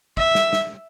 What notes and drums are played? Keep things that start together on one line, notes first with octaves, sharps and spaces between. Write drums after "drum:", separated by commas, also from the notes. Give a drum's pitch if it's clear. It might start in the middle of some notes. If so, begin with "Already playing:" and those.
E5, drum: kick
drum: snare
drum: snare